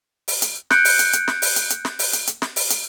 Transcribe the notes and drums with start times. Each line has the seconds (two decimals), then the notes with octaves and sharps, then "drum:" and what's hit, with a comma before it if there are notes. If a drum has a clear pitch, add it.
0.28 drum: open hi-hat
0.42 drum: hi-hat
0.70 F#6 G6 C#7 D7, drum: snare
0.85 drum: open hi-hat
0.99 drum: hi-hat
1.13 drum: hi-hat
1.28 drum: snare
1.42 drum: open hi-hat
1.56 drum: hi-hat
1.70 drum: hi-hat
1.85 drum: snare
1.99 drum: open hi-hat
2.13 drum: hi-hat
2.27 drum: hi-hat
2.42 drum: snare
2.56 drum: open hi-hat
2.70 drum: hi-hat